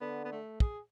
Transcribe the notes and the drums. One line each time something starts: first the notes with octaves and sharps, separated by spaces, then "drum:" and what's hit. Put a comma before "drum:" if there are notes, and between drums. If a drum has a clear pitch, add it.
D3 B3
B3
A3
G#4, drum: kick